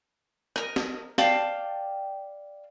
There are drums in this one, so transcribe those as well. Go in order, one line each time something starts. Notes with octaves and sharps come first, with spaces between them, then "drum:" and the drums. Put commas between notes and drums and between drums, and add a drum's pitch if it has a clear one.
A#4 D#5, drum: rim click
drum: snare
D5 F5 G5 A5, drum: snare